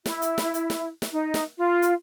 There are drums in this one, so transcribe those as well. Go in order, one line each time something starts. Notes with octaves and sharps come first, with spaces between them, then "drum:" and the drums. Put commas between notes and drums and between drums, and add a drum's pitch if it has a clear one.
E4, drum: snare
drum: hi-hat
drum: snare
drum: hi-hat
drum: snare
drum: snare
D#4
drum: snare
F4
drum: hi-hat